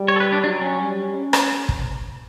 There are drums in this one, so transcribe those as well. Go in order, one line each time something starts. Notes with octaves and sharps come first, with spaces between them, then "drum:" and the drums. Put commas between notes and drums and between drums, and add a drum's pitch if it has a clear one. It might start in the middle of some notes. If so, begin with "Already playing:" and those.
Already playing: G3
C#5
A4
B4
D4
F#3 D4
C#4
G3
C#4
drum: rim click
drum: kick